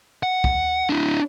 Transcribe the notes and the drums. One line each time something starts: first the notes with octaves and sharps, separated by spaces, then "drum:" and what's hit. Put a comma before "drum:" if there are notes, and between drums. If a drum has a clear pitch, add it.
F#5
drum: kick
D4 E4